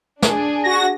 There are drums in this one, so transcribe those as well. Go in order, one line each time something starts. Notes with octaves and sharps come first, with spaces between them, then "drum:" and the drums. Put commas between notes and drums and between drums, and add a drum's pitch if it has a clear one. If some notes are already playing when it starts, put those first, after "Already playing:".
D4 G#4, drum: snare
F#4 A#6